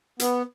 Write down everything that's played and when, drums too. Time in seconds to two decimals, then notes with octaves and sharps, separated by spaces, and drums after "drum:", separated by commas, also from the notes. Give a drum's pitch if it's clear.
0.20 B3, drum: hi-hat